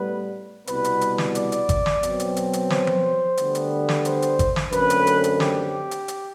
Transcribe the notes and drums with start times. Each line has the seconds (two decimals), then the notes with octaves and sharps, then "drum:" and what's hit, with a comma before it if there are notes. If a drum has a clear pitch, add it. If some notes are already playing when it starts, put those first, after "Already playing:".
Already playing: A2 G3 B3 B4
0.67 C2 B2 G3 B3 B4, drum: hi-hat
0.84 drum: hi-hat
1.01 drum: hi-hat
1.18 drum: snare
1.35 D5, drum: hi-hat
1.52 drum: hi-hat
1.69 drum: kick G#1, hi-hat
1.86 drum: snare
2.03 B2 F#3 C4, drum: hi-hat
2.20 drum: hi-hat
2.36 drum: hi-hat
2.53 drum: hi-hat
2.70 C5, drum: snare
2.87 drum: tom F3
3.37 D2 D3 G3 B3, drum: hi-hat
3.55 drum: hi-hat
3.89 drum: snare
4.05 C5, drum: hi-hat
4.22 drum: hi-hat
4.39 drum: kick G#1, hi-hat
4.56 drum: snare
4.72 F#2 D3 A3 C4 B4, drum: hi-hat
4.90 drum: hi-hat
5.07 drum: hi-hat
5.24 drum: hi-hat
5.40 G4, drum: snare
5.91 drum: hi-hat
6.08 drum: hi-hat